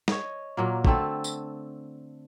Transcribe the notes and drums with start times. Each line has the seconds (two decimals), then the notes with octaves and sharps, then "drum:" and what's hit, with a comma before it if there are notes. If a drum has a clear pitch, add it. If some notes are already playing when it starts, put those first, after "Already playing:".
0.08 C#5 D#5, drum: snare
0.57 A#2 F#3 A#3
0.85 D3 A3 C4 A4, drum: kick
1.24 drum: tambourine